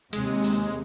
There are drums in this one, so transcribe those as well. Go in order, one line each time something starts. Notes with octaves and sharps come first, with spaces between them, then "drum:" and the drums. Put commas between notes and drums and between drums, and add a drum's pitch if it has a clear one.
D#2 C3 G#3, drum: hi-hat
drum: open hi-hat